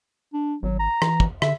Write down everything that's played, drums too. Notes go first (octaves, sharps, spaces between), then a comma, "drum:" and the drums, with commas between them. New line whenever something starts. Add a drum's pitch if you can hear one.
D4
G#1 F#3
A#5
E3, drum: rim click
drum: kick
D3 E5, drum: rim click